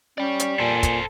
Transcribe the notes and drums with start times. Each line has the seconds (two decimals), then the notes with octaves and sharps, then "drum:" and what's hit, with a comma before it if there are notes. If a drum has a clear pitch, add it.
0.18 C#4 D5 G5
0.39 drum: hi-hat
0.60 A#2 A4 C5 G#5
0.83 drum: kick, hi-hat